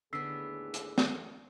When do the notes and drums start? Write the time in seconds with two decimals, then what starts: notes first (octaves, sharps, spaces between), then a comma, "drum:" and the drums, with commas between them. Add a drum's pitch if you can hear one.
0.13 D#2 A2 D3 B3 G#4 E6 B6 C7
0.74 drum: hi-hat
0.98 drum: snare